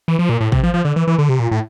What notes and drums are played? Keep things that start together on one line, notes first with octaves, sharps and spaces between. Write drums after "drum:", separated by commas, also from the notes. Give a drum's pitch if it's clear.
E3
F3
A#2
A2
C3, drum: kick
F3
F3
D3
E3
E3
D3
C3
A#2
A2